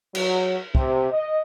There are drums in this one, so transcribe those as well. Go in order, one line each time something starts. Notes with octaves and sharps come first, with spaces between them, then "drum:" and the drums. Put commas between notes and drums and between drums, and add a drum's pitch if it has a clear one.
F#3, drum: cymbal
C3, drum: kick
D#5